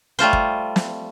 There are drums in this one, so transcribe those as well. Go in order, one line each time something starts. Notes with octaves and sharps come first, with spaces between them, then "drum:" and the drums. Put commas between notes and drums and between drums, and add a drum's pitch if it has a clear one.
G3 A3 F4 C5
drum: kick
drum: snare